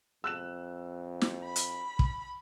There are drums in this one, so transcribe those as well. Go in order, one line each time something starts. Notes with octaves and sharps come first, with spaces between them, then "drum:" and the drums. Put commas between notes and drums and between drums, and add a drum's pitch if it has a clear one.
F2 E6 F#6 E7
drum: snare
B5
drum: hi-hat
drum: kick